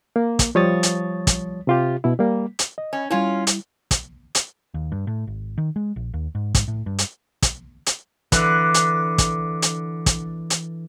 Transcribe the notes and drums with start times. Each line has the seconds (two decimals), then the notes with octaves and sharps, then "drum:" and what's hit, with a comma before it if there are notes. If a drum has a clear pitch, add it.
0.16 A#3
0.39 drum: kick, hi-hat
0.55 F3 G3 C#5 C#6 D#6 A6
0.83 drum: hi-hat
1.27 drum: kick, hi-hat
1.67 C3 F4 G4
2.04 B2 E4
2.19 G3 A#3
2.59 drum: hi-hat
2.78 D#5
2.93 C#4
3.10 G3 C#4 E4 F4
3.47 drum: hi-hat
3.91 drum: kick, hi-hat
4.35 drum: hi-hat
4.74 D#2
4.92 G2
5.07 A2
5.27 G#1
5.58 D#3
5.76 G#3
5.96 A#1
6.14 D#2
6.35 G#2
6.55 G#2, drum: kick, hi-hat
6.68 A2
6.86 G2
6.99 drum: hi-hat
7.42 drum: kick, hi-hat
7.86 drum: hi-hat
8.32 D3 E3 F#6, drum: kick, hi-hat
8.74 drum: hi-hat
9.18 drum: kick, hi-hat
9.62 drum: hi-hat
10.06 drum: kick, hi-hat
10.50 drum: hi-hat